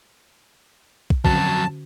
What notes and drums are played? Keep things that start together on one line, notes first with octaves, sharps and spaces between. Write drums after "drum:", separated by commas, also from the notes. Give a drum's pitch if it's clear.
drum: kick
F2 D3 F#3 C#4 F#4 A5, drum: kick